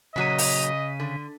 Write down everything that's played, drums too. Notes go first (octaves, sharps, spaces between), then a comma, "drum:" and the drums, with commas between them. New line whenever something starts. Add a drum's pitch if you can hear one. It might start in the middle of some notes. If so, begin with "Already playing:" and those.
A#2 C#3 F#3 C#5 D#5 B6 D#7
drum: open hi-hat
D3